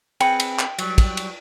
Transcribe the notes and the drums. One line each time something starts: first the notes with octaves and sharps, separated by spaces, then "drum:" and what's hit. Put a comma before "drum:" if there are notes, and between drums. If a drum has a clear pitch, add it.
C4 G#4 B4 G5, drum: cymbal
drum: cymbal
drum: clap
F#3 G3, drum: cymbal
drum: kick, cymbal
drum: cymbal